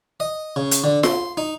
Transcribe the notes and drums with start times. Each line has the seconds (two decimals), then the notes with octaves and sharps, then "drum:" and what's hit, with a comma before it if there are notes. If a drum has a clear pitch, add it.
0.20 D#5
0.56 C#3
0.71 drum: hi-hat
0.84 D3
1.03 C6, drum: snare F4
1.37 D#4